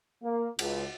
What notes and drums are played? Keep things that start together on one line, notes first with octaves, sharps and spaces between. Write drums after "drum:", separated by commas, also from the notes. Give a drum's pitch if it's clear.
A#3
C#2, drum: cymbal